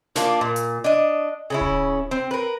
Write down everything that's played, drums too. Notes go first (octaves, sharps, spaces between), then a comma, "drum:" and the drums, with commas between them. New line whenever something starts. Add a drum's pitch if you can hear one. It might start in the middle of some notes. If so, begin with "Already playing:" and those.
F3 A#3 D4 F4, drum: snare
A#2
drum: hi-hat
D4 D#5
C#3 C#4 E4
drum: kick D1
C4
A#4 B4